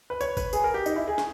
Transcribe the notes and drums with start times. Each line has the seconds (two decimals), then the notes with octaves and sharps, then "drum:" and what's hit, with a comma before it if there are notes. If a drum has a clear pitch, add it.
0.10 B4
0.21 C#5, drum: tambourine
0.37 B4, drum: kick G1, tambourine
0.53 G#4, drum: tambourine
0.64 A#4
0.74 G4
0.86 D#4, drum: tambourine
0.96 E4
1.08 G#4
1.18 drum: snare